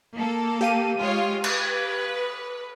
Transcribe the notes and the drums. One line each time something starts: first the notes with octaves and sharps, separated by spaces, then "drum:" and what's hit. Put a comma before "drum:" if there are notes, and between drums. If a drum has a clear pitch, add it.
A#3 A4
G4 F5 D#7
G#3 F4 C#5
B4, drum: cymbal